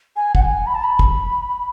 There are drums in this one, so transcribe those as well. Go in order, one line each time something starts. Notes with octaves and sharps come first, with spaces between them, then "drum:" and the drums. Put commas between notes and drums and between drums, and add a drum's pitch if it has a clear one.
G#5
F#5, drum: kick
G#5
B5
A5
B5
drum: kick